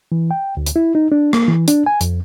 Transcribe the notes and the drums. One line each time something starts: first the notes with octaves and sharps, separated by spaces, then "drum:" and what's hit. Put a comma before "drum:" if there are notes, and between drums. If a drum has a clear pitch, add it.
E3
G5
D2
drum: hi-hat
E4
D#4
D4
A#3, drum: rim click
E3
D4, drum: hi-hat
G#5
F2, drum: hi-hat